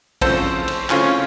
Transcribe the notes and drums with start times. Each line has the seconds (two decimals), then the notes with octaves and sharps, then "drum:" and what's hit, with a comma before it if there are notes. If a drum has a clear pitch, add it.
0.21 C#3 F3 A3 C4 A4 C5, drum: kick A#1, cymbal
0.68 drum: cymbal
0.90 C#3 A3 C4 C#4 F4, drum: clap